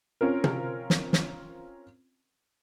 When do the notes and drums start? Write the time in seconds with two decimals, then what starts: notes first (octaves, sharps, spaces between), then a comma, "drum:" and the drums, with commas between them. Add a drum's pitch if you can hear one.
0.21 C4 C#4 F4 A#4
0.44 drum: tom
0.90 drum: snare
1.13 drum: snare